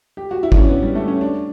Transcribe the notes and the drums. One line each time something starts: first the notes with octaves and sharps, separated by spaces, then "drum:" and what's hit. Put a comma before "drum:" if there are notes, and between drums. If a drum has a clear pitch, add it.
G4
F#4
E4
D4, drum: kick
C#4
B3
G3
A3
C#4
D4